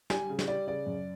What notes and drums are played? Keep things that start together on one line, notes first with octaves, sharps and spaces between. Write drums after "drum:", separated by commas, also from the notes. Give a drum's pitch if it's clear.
G3 G#5, drum: snare
C#3
drum: snare
G3 D5
C#3 D5
F#2